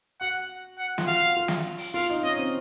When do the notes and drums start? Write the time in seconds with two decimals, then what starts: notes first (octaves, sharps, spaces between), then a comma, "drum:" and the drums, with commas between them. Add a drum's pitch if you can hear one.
0.21 F#4 F#5
0.78 F#5
0.98 F4, drum: snare
1.07 F#4 F5
1.37 F4
1.48 drum: snare
1.78 drum: open hi-hat
1.94 F4 F5, drum: open hi-hat
2.10 D#4
2.23 C#4 D#5
2.38 C4